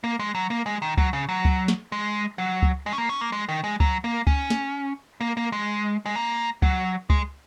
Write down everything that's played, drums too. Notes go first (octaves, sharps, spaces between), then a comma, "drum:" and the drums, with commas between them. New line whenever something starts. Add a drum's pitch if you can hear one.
A#3
G#3
F#3
A#3
G#3
D#3
F#3, drum: kick C#2
C#3
F#3
drum: kick C#2
drum: snare
G#3
F#3
drum: kick C#2
G#3
C#4
A#3
C#4
A#3
G#3
D#3
G#3
F#3, drum: kick C#2
A#3
C#4, drum: kick C#2
drum: snare
A#3
A#3
G#3
G#3
A#3
F#3, drum: kick C#2
G#3, drum: kick C#2